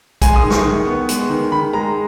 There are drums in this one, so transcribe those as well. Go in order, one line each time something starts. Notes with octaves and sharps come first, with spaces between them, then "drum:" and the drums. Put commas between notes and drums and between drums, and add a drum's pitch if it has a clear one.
G#3 G#5, drum: kick B1, hi-hat
D#6
D#3
C#6, drum: snare
D#3
B3
G#3, drum: hi-hat
D#3
D#3 B5
G#3 A#5